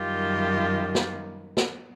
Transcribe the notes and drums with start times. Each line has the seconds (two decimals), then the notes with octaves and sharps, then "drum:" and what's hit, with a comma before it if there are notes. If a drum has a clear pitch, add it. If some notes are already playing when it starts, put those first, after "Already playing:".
Already playing: F#2 D#3 G3 F4 G4
0.95 drum: snare
1.57 drum: snare